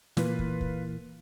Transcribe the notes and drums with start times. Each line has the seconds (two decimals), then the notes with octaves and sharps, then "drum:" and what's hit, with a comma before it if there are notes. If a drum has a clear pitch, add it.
0.17 A#2 E3 A#3 F4 B4, drum: snare
0.39 drum: kick
0.61 drum: kick